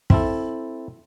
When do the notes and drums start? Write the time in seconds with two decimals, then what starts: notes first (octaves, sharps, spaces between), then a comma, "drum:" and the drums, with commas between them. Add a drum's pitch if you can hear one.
0.10 C4 E4 A4, drum: kick